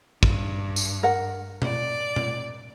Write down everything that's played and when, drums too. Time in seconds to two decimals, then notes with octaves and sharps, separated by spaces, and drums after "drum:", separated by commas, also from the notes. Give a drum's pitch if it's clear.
0.23 G2, drum: kick
0.76 drum: tambourine
1.03 A#4 F#5
1.62 D5, drum: tom B2
2.16 drum: tom B2